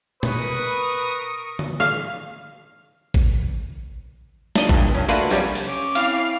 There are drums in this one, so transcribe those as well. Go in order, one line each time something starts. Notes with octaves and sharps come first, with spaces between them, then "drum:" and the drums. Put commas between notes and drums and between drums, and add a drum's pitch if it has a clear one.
A#4 B4 C#6 D#6, drum: tom A#2
drum: tom D3
F5
drum: kick A1
D4 D#5, drum: snare
G2 A#2, drum: kick A1
G2 C#4
A3 A#3 D4 F4 F#4 B4, drum: hi-hat
F#2 C3 G3 C#4, drum: tambourine
drum: open hi-hat
C#4 D6
C4 E4 F5, drum: hi-hat